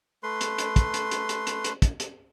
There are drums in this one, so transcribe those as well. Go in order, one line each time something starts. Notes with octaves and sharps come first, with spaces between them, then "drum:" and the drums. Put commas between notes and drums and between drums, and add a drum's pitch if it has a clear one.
A3 B4 C6
drum: hi-hat
drum: hi-hat
drum: kick, hi-hat
drum: hi-hat
drum: hi-hat
drum: hi-hat
drum: hi-hat
drum: hi-hat
drum: kick, hi-hat
drum: hi-hat